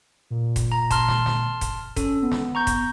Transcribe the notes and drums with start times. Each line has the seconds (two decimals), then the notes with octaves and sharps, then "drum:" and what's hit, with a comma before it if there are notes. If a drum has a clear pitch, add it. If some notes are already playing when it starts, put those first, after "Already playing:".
0.30 A#2
0.56 drum: kick E1, hi-hat
0.72 A#5
0.91 A5 C6 F6, drum: kick E1, hi-hat
1.09 drum: snare
1.26 drum: snare
1.61 drum: kick E1, hi-hat
1.96 C#4 A4, drum: kick E1, hi-hat
2.22 B3
2.32 drum: snare
2.55 A#5 C#6 G6
2.67 drum: kick E1, hi-hat